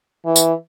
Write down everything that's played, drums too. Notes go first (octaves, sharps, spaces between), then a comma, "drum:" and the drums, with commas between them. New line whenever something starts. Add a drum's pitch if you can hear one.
E3
drum: tambourine